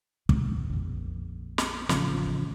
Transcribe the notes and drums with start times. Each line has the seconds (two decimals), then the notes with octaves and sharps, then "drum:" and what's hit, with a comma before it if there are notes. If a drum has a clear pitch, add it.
0.29 D#2 B2, drum: kick
0.70 A#1 F2
1.58 drum: snare
1.89 A1 C#3 F3, drum: snare
2.26 G3 B3